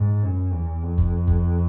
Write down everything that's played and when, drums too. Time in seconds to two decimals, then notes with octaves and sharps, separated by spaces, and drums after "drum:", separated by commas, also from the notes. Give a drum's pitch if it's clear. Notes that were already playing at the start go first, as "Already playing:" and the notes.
Already playing: G#2
0.23 F#2
0.53 E2
0.83 F2
0.98 drum: kick
1.28 drum: kick